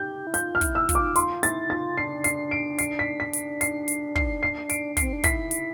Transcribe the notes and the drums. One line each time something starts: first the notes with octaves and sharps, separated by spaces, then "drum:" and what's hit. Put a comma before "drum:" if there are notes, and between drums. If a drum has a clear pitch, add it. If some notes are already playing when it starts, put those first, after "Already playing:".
Already playing: G4 G6
E4
F4 G6, drum: hi-hat
F6
E4, drum: kick, hi-hat
E6
F4, drum: kick, hi-hat
D6
F4 C6, drum: hi-hat
E4 A6, drum: hi-hat
F4 A6
D4 C7
C7, drum: hi-hat
D7
C7, drum: hi-hat
B6
B6
drum: hi-hat
C7, drum: hi-hat
drum: hi-hat
C7, drum: kick
C7
D7, drum: hi-hat
C4 C7, drum: kick, hi-hat
D4
E4 B6, drum: kick, hi-hat
drum: hi-hat